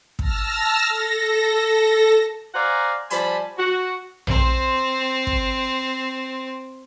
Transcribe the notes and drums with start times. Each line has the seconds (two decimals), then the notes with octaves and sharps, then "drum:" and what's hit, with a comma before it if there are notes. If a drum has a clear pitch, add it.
0.19 A5 E6 F6 A#6, drum: kick
0.89 A4 A#6
2.54 C5 D5 F5 F#5 G#5 A#5
3.10 F3 G3 C5 G#5 A5 B5, drum: hi-hat
3.57 F#4
4.27 C4 C5, drum: tom A#1
5.27 drum: kick